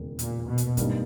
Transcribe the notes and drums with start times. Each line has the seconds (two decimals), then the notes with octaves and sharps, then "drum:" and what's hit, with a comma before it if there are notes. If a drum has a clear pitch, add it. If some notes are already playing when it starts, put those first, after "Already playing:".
Already playing: E1 D#2 C#3
0.19 A#2, drum: hi-hat
0.48 B2
0.58 drum: hi-hat
0.77 G#1 G2 G3 A#3 D#4, drum: kick, hi-hat